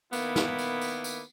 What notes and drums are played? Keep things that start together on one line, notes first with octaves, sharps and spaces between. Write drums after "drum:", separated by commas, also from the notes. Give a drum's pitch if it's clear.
D#3 A#3 B3 E4, drum: tambourine
drum: snare
drum: tambourine
drum: tambourine
drum: tambourine